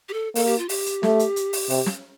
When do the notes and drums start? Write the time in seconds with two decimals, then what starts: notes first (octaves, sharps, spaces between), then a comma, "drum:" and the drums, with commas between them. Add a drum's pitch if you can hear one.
0.09 G4
0.13 A4
0.35 A#3 A4, drum: open hi-hat
0.46 G4
0.58 F4
0.69 G4, drum: open hi-hat
0.86 drum: hi-hat
1.03 A3, drum: snare
1.19 drum: hi-hat
1.36 drum: hi-hat
1.53 drum: open hi-hat
1.70 C3, drum: open hi-hat
1.86 drum: snare